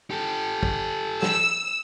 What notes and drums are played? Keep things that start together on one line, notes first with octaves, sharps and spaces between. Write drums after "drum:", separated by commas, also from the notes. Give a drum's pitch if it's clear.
G4 A4
drum: kick
E6, drum: snare